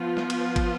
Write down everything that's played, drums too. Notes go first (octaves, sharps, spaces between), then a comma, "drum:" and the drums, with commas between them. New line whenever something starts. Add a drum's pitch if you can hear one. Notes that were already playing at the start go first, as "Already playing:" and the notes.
Already playing: F3 B3 F4
drum: snare
drum: cymbal
drum: kick, cymbal